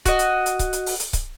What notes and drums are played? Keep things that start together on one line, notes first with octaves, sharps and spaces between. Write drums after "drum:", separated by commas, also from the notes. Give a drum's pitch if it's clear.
F#4 D#5, drum: kick C#1, hi-hat
drum: hi-hat
drum: hi-hat
drum: kick C#1, hi-hat
drum: hi-hat
drum: open hi-hat
drum: hi-hat
drum: kick C#1, hi-hat